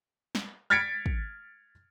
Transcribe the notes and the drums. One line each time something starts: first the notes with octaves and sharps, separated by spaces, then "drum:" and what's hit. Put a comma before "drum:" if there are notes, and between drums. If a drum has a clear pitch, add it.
drum: snare
F6 G#6 A6 B6 C#7 D7
drum: kick